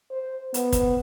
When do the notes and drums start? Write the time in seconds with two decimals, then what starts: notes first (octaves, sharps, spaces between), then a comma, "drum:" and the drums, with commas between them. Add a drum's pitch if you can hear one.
0.11 C5
0.54 B3, drum: hi-hat
0.72 drum: kick, hi-hat